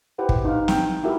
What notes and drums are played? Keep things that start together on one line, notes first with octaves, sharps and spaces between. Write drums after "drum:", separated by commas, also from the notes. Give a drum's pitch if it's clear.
E4 G4 B4 C5 F#5
drum: kick
D#4 F5
G5, drum: snare
E4 F#4 G4 A#4 E5